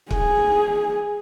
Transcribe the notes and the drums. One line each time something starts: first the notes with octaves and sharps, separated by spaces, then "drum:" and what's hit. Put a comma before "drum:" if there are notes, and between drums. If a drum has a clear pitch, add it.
G#4, drum: kick